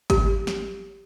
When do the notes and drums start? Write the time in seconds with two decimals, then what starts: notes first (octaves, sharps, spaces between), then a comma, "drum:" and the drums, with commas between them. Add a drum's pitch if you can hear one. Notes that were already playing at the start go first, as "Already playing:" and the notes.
0.10 G4, drum: kick G#1, hi-hat
0.47 drum: snare